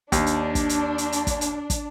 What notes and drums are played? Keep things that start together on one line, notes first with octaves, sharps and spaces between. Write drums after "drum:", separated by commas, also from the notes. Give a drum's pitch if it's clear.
D#2 D4, drum: kick, hi-hat
drum: hi-hat
drum: kick, hi-hat
drum: hi-hat
drum: hi-hat
drum: hi-hat
drum: kick, hi-hat
drum: hi-hat
drum: kick, hi-hat